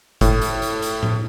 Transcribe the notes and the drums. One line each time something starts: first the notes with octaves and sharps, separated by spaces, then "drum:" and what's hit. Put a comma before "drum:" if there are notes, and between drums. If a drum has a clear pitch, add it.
A2, drum: kick F#1, hi-hat
drum: hi-hat
drum: hi-hat
drum: hi-hat
drum: tom A2